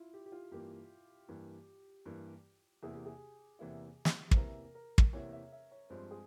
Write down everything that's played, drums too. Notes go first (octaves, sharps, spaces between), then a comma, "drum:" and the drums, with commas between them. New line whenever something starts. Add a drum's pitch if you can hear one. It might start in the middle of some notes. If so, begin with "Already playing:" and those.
Already playing: E4 F4
G4
G4
F4
G2 E3 A#3 G4
G2 E3 A#3
G2 E3 A#3
E2 C3 E3 A#3 E4 G#4
G4
G#4
E2 C3 E3 A#3 E4
drum: snare
C5, drum: kick
E2 C3 E3 A#3 E4 A#4
A#4
drum: kick
E2 C3 E3 A#3 E4 C#5
E5
E5
C#5
G2 F3 G#3 C4 C5
G#4